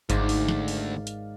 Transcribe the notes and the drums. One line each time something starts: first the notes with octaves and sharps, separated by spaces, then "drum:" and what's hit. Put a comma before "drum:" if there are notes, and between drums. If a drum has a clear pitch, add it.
D2 G#2 D#3 D5 F5, drum: kick G#1, hi-hat
drum: open hi-hat
drum: snare
drum: open hi-hat
drum: hi-hat